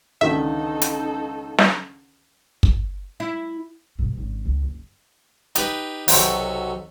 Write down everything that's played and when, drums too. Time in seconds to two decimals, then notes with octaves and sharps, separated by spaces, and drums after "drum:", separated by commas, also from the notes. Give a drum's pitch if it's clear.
0.21 C#2 D3 D#3 D#4 A4 E5
0.82 drum: hi-hat
1.58 drum: snare
2.63 drum: kick
3.20 E4
3.99 G2 B2
4.17 G#1 C#3
4.45 C#2
4.63 F#1
5.55 D#4 G4 B4, drum: hi-hat
6.08 B1 C3 F#3 A4 C#6, drum: open hi-hat